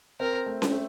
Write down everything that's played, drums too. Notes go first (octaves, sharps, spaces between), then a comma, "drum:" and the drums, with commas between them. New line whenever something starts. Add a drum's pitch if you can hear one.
C4 A#4
A3
drum: snare C#4
A3